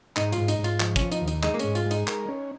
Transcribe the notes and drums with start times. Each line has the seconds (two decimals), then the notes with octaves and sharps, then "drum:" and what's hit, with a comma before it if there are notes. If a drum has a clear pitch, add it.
0.16 G#2 D#4, drum: clap
0.32 G#2 F4, drum: hi-hat
0.48 D#4, drum: hi-hat
0.59 G#2
0.64 F4, drum: hi-hat
0.80 F3, drum: clap
0.96 F3 C#4, drum: kick, hi-hat
1.12 D#4, drum: hi-hat
1.22 D#2
1.28 D#4, drum: hi-hat
1.43 G#3 D#4, drum: clap
1.54 A#3
1.59 G#2 C#4, drum: hi-hat
1.75 F4, drum: hi-hat
1.86 G#3
1.91 D#4, drum: hi-hat
2.07 A#4, drum: clap
2.28 C#4